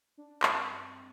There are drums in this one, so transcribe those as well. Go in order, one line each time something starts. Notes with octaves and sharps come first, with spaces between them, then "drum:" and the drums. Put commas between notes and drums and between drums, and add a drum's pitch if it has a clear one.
D4
G2 C4 A5, drum: clap